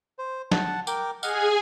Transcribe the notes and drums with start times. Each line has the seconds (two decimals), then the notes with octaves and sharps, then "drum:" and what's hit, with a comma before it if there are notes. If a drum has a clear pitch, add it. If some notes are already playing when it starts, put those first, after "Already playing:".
0.18 C5
0.52 F#5 A5, drum: snare
0.87 A#4 G5 D6, drum: tambourine
1.23 G#4 D#5 F#5 G#5 F6, drum: tambourine